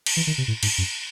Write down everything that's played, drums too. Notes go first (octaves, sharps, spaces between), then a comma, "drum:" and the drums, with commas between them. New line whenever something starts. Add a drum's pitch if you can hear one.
drum: cymbal
E3
D#3
C3
A2
G#2, drum: cymbal
F#2